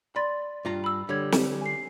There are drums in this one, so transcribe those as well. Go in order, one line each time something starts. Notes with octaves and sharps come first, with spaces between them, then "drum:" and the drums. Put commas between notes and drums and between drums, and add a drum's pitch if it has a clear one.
D5 B5 C6 A6
G2 F4 A#5
B5 E6
D3 G3 C#5 G#6
drum: snare
G#5 C7